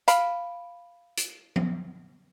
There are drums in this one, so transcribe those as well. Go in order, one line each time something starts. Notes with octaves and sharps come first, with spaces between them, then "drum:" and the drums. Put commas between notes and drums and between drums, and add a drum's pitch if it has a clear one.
F5 B5, drum: hi-hat
drum: hi-hat
drum: tom F3